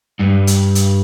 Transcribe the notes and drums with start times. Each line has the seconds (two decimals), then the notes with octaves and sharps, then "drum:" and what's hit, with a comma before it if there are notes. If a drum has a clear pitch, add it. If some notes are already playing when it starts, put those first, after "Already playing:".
0.19 G2
0.47 drum: hi-hat
0.75 drum: hi-hat